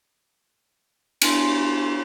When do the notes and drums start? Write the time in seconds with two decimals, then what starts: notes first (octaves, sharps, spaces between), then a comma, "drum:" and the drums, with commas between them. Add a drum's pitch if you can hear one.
1.22 B3 D4 E4 G#5 C6 A#6, drum: cymbal